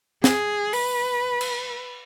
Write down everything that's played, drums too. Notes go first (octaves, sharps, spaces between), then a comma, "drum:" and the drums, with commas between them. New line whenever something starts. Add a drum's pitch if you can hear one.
G#4, drum: snare
B4, drum: open hi-hat
drum: cymbal